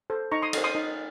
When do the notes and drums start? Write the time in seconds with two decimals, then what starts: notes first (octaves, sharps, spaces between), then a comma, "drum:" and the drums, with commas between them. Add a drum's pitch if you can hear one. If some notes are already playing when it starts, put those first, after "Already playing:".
0.10 A4 C5
0.32 D#4 A#5 C#6
0.42 C6 D#6
0.53 A4 C5, drum: cymbal
0.64 C6 D#6
0.75 D#4